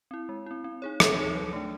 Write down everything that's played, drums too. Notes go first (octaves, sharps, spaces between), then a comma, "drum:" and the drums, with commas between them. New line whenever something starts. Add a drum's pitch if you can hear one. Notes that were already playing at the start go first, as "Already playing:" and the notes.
C4 E4
G#3
C4 E4
C4
D#4 G#4 C#5
C4, drum: rim click
D#4 G#4 C#5
F#3
A3 D4